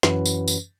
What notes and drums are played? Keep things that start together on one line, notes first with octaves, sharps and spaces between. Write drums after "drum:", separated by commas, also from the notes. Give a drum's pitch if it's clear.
F#2 E3 C#4 F#4 B4, drum: snare
drum: tambourine
drum: tambourine